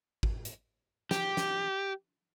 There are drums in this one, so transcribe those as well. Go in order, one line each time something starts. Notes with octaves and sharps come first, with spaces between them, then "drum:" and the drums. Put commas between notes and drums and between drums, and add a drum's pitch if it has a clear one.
drum: kick G#1
drum: hi-hat
G4, drum: snare
drum: snare